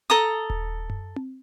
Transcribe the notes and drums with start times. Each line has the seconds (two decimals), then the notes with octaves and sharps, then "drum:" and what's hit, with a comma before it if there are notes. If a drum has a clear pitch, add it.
0.10 A4 A#5 D#6
0.50 drum: kick D#1
0.90 drum: tom F#2
1.16 drum: tom C4